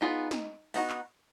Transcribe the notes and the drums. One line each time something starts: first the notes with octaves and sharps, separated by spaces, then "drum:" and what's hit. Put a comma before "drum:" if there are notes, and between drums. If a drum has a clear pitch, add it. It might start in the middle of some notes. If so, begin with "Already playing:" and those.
B3 D#4 F4 G#4 D#5
drum: snare
B3 D#4 F#4, drum: open hi-hat
drum: clap